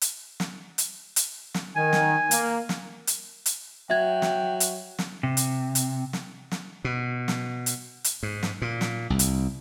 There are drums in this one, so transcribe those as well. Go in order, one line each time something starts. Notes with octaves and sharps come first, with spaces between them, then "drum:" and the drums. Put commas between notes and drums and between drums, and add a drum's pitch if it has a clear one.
drum: hi-hat
drum: snare
drum: hi-hat
drum: hi-hat
drum: snare
D#3 G#5
drum: snare
A#3, drum: hi-hat
drum: snare
drum: hi-hat
drum: hi-hat
F#3 E5 G5 G#6
drum: snare
drum: hi-hat
drum: snare
C3
drum: hi-hat
drum: hi-hat
drum: snare
drum: snare
B2
drum: snare
drum: hi-hat
drum: hi-hat
G#2
drum: snare
A#2
drum: snare
C2
drum: hi-hat